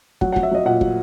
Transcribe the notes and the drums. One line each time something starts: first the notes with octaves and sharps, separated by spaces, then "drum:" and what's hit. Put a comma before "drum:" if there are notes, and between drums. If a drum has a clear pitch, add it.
F#3 F#5, drum: kick
F#5
F#3, drum: kick
E5
F#3 D#5
A#2 F#5
F#3, drum: kick